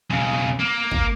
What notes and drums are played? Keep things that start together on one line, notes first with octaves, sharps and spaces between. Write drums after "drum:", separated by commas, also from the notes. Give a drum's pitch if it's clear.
B1 C#3
A#3
drum: kick